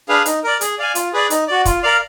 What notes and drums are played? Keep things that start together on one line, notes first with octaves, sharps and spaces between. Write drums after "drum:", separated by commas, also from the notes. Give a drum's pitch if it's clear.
D4 G#4 B4 F5
D#4, drum: hi-hat
A#4 D5
G#4, drum: hi-hat
D5 F5 G#5
F4, drum: hi-hat
G#4 B4 D5
D#4, drum: hi-hat
F#4 D5
F4, drum: kick, hi-hat
A#4 D5 F5